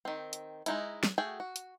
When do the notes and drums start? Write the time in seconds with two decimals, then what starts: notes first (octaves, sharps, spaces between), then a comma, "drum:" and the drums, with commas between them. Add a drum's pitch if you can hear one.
0.05 D#3 C4
0.33 drum: hi-hat
0.66 G#3 D#4 E4, drum: hi-hat
1.03 drum: snare
1.18 A3 F#4 G#4 G5
1.40 F#4
1.56 drum: hi-hat